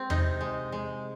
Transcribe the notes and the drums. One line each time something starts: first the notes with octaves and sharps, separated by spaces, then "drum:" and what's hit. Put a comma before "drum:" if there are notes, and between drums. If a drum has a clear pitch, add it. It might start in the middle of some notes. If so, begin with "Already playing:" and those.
Already playing: G#3 C4
C3 D#4, drum: tom E2
G#3
G#3